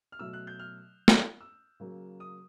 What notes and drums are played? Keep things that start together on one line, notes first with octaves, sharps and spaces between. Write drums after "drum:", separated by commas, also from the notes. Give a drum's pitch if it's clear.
F6
B2 F#3 A3 E6
F#6
G6
F6
drum: snare
E6
C#3 F#3 A#3
D#6